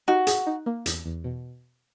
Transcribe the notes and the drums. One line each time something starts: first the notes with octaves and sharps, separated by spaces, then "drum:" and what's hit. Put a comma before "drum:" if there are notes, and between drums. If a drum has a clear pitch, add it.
D#4 F#4
G#4, drum: hi-hat
D#4
A#3
E2, drum: hi-hat
E2
B2